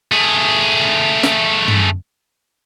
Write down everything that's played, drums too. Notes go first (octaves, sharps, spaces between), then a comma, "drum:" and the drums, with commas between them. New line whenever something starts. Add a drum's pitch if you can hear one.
A3 G#4
drum: snare
drum: tom